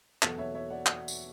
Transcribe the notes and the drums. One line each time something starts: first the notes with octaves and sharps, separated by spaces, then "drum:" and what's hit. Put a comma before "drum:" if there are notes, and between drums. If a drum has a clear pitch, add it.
E2 B2 F#3 F#4 A4, drum: clap
C#5 E5
C#5 E5
D5 F#5
D5 F#5, drum: clap
drum: tambourine